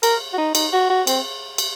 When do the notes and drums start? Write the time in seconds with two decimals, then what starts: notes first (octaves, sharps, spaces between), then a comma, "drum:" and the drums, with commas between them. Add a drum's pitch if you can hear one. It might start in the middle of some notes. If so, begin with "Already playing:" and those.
0.03 A#4, drum: cymbal
0.33 F#4
0.38 D#4
0.55 D#4, drum: cymbal
0.72 F#4
0.90 F#4
1.07 C4, drum: cymbal
1.58 drum: cymbal